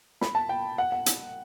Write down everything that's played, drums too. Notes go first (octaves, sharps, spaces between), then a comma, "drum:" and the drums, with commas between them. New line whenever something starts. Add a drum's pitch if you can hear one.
B5, drum: snare
A5
G5
F#5
F#5
drum: hi-hat